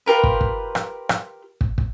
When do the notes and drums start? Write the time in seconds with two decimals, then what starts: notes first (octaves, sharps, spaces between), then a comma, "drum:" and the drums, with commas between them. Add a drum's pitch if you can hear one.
0.06 F4 G4 A#4 B4
0.24 drum: kick
0.41 drum: kick
0.75 drum: rim click
1.09 drum: rim click
1.61 drum: kick
1.78 drum: kick